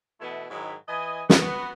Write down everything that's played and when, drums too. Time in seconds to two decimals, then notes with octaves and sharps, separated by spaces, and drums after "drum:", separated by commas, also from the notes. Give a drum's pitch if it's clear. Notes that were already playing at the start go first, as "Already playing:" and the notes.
0.21 B2 E3 A3 B3 E4
0.51 G#2 D#3 F#3 G#3 E4
0.89 E3 D#5 G#5
1.30 B3 F#4, drum: snare